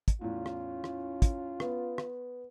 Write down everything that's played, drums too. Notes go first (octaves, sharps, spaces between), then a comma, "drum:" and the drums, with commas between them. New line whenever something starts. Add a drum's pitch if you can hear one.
drum: kick, hi-hat
E2 A2 C#4 F4
drum: rim click
drum: rim click
drum: kick, hi-hat
B3, drum: rim click
drum: rim click